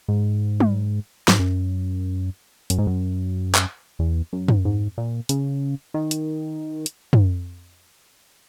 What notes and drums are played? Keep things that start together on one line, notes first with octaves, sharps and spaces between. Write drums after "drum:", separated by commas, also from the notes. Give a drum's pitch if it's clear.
G#2
drum: tom
G#2, drum: snare
F#2
F#2, drum: hi-hat
G#2
F#2
drum: clap
E2
F#2
drum: tom
G#2
A#2
C#3, drum: hi-hat
D#3
drum: hi-hat
drum: hi-hat
drum: tom